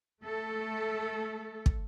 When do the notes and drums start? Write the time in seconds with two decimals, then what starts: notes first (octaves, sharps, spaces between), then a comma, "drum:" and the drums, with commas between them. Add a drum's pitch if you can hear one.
0.23 A3 A4
1.66 drum: kick